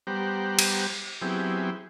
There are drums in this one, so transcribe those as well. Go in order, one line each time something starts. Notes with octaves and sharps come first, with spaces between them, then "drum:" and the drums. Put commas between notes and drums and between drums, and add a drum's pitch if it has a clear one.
G3 B3 G4 C5 F#5 A#5
drum: cymbal
F#3 B3 C4 E4 G4 G#4